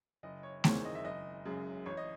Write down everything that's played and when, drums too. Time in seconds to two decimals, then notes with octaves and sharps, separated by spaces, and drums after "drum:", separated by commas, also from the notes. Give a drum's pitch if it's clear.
0.23 F#1 D#5
0.43 C#5
0.64 E2 D#3 G#3 C4 C#5, drum: snare A3
0.85 D#5
0.95 E5
1.04 F#1 D#5
1.45 F#2 C#3 G#3
1.86 A1 C#5
1.97 D#5